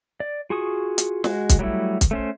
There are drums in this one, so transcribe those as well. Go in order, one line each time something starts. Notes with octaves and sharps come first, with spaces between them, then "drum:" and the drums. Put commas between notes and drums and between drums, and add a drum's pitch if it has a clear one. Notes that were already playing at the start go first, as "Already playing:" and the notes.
D5
F4 F#4 G#4 C#6 D#6
drum: hi-hat
G#3 F#4, drum: snare
drum: kick, hi-hat
F#3 G3 A3 E4
drum: kick, hi-hat
A3 C#4 C5